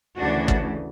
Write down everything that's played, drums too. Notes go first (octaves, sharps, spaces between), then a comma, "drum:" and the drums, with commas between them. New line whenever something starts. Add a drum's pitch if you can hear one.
D2 C#3 E3 D4 F#4
drum: kick